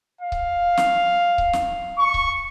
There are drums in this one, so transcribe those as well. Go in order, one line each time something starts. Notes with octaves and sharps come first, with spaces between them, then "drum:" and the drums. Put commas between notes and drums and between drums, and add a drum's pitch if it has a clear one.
F5
drum: kick C#1
drum: snare
drum: kick C#1
drum: snare
C#6
drum: kick C#1